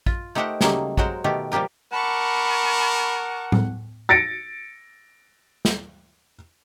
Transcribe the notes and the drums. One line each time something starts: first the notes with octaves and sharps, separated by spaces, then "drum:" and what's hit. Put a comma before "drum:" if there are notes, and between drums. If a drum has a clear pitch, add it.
F4, drum: kick
A3 D#4 G4 A#4 C5 F#5
C#3 F#3 G3 A3 A#3 D#4, drum: snare
F#3 G#3 F#4 A#4 C5, drum: kick
B2 D#3 A3 G4 A#4
F3 G3 A#3 G4 A#4
A#4 F#5 A5 B5 C#6 D6
drum: tom A2
A6 A#6 C#7 D7
drum: snare